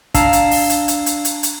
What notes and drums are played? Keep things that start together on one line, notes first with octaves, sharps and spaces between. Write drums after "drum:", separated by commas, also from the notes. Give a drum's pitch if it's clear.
D4 F5 A5 A#5 E6 C7, drum: kick, hi-hat
drum: hi-hat
drum: open hi-hat
drum: hi-hat
drum: hi-hat
drum: hi-hat
drum: hi-hat
drum: hi-hat